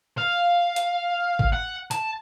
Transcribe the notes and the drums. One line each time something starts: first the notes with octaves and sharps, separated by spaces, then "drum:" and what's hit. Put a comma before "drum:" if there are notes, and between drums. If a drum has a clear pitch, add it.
F5
drum: hi-hat
drum: kick G#1
F#5
A5, drum: hi-hat